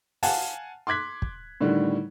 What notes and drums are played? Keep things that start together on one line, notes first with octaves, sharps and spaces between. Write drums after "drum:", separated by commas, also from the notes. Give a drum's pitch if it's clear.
F5 F#5 G#5 A5, drum: open hi-hat
C6 D6 F#6 G#6 B6
drum: kick
A2 D3 D#3 G3